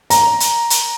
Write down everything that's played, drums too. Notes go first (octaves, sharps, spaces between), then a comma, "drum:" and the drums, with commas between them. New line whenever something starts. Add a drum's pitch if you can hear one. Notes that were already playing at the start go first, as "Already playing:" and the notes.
A#5, drum: hi-hat
drum: hi-hat
drum: hi-hat